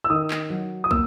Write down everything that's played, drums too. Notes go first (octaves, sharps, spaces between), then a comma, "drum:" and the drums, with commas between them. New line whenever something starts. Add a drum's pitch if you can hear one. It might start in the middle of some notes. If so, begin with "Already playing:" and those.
E6
D#3 D#6
drum: clap
F#3
D#6
A#3 E6, drum: kick